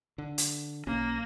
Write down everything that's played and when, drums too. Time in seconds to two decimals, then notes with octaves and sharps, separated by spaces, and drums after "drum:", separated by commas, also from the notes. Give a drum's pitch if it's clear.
0.18 D3
0.38 drum: hi-hat
0.87 B1 A#3 C#4 A#6